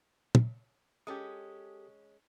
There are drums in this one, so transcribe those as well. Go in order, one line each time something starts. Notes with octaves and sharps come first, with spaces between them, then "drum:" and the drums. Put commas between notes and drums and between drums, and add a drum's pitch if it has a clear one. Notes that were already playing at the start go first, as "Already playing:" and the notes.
drum: tom
G#3 C#4 G4 A4 D#6